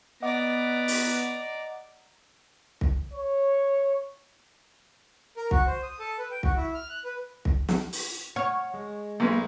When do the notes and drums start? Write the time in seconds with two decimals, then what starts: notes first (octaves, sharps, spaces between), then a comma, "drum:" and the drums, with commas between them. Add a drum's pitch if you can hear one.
0.22 B3 D5 D#5 F#5 A#5 D6
0.88 drum: open hi-hat
2.81 drum: kick
3.13 C#5
5.37 A#4
5.51 F#4, drum: kick
5.67 C5
5.83 D#6
5.99 A4
6.18 B4
6.31 G5
6.43 F#4, drum: kick
6.56 E4
6.74 F6
6.90 F#6
7.05 B4
7.45 drum: kick
7.68 drum: snare
7.93 drum: open hi-hat
8.36 C#5 F#5 F6
8.74 G#3
9.20 B1 G#3 A#3 B4